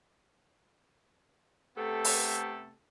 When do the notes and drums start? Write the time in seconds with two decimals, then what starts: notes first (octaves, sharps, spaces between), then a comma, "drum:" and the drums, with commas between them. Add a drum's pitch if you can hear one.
1.77 C3 A3 B3 C4 G4 A4
2.04 drum: open hi-hat